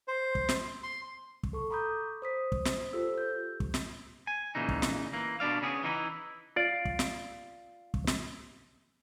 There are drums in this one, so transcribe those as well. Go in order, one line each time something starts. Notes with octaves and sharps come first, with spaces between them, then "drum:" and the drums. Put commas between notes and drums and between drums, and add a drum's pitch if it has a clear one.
C5
drum: kick
drum: snare
C6
drum: kick
A4 C#6
A#5 B5 D6 D#6 G6
C5 D#6 B6
drum: kick
drum: snare
F4 G4 A4 C5 E6
G6
drum: kick
drum: snare
G#5
A#2 C#3 E3 D#4
drum: kick
drum: snare
E3 A#3
B2 D4 D5 F5
C#3 B3 G#4
E3 D#4 E4
F4 D5
drum: kick
drum: snare
drum: kick
drum: snare